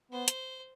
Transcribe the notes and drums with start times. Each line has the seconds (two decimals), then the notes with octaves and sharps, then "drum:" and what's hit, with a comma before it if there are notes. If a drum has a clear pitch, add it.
0.11 B3 C5
0.28 drum: hi-hat